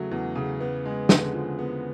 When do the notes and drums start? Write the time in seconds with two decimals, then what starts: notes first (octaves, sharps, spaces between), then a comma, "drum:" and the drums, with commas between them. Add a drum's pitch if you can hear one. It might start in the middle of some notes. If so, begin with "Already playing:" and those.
Already playing: E2 C#3 F#3 A3
0.11 E2
0.35 C#3
0.61 B3
0.85 G#3
1.09 D3, drum: snare
1.34 F3
1.59 B3